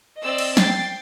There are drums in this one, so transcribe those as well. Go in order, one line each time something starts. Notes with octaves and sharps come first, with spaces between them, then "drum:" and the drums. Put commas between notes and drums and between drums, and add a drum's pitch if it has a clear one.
C4 D5 D#5 E6
drum: cymbal
G5 A6 C7, drum: snare